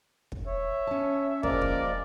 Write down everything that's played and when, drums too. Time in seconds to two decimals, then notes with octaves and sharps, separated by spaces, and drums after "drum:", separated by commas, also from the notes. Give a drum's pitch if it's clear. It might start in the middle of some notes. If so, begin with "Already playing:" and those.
0.32 drum: kick
0.46 C#5 E5
0.87 C#4 A5
1.43 F3 G#3 A#3 A#4 D5, drum: kick
1.62 drum: kick